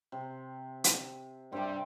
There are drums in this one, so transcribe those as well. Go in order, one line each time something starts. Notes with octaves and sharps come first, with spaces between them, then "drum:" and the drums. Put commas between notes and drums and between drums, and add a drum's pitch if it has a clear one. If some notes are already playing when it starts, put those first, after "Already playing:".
C3
drum: hi-hat
G2 C3 G3 C4 G5 D6